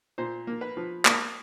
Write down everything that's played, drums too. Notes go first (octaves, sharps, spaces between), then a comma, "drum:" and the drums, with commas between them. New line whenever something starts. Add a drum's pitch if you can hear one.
A#2 C5
A#3
B4
F3
A#3, drum: clap